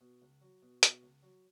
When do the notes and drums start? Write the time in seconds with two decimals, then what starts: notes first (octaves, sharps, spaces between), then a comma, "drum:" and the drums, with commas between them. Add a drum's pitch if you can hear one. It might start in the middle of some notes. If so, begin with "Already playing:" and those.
0.01 B2
0.22 C#2
0.42 F#3
0.63 B2
0.83 B2, drum: hi-hat
1.03 C#2
1.23 F#3